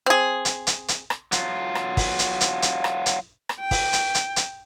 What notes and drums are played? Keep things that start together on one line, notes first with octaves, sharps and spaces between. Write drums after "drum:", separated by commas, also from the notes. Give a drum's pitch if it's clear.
C4 G#4
drum: hi-hat
drum: hi-hat
drum: hi-hat
drum: rim click
F#3 F4, drum: hi-hat
drum: rim click
drum: kick, open hi-hat
drum: hi-hat
drum: hi-hat
drum: hi-hat
drum: rim click
drum: hi-hat
drum: rim click
G5
drum: kick, open hi-hat
drum: hi-hat
drum: hi-hat
drum: hi-hat